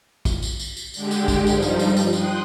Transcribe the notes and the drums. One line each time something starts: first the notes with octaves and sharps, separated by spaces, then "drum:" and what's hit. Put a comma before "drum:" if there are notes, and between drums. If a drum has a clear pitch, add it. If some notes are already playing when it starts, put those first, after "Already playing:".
drum: kick, tambourine
drum: tambourine
drum: tambourine
drum: tambourine
D3 G#3 G4, drum: tambourine
drum: tambourine
drum: kick, tambourine
G2 F3 G3 D#4, drum: tambourine
drum: tambourine
drum: tambourine
drum: tambourine
G5 C6 D#6 F#6, drum: tambourine